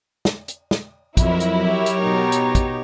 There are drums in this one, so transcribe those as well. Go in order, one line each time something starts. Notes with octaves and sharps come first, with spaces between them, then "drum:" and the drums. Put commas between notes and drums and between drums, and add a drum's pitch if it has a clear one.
drum: snare
drum: hi-hat
drum: snare
F2 F#3 E4 A#4, drum: kick, hi-hat
drum: hi-hat
G4 C#5
drum: hi-hat
B2 D#4
drum: hi-hat
drum: kick, hi-hat